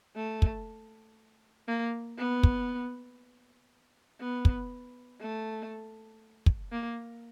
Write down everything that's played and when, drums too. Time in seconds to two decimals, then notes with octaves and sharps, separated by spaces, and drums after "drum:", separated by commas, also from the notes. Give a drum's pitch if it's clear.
0.16 A3
0.42 drum: kick
1.68 A#3
2.18 B3
2.43 drum: kick
4.20 B3
4.45 drum: kick
5.20 A3
6.46 drum: kick
6.71 A#3